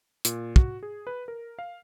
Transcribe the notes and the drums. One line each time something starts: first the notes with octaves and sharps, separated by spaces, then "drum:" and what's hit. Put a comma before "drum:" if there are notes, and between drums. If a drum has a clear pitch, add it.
A#2, drum: hi-hat
F#4, drum: kick
G#4
B4
A#4
F5